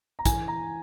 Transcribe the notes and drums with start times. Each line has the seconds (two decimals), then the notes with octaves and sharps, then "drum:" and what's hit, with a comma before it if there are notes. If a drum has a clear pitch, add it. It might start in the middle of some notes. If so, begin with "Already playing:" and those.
0.19 A#5
0.25 E3 G#5, drum: kick, hi-hat
0.48 A#5